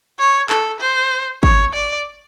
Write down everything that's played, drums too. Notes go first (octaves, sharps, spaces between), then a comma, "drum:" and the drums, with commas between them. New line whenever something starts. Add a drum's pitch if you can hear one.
C#5
A4, drum: clap
C5
C#5, drum: kick
D5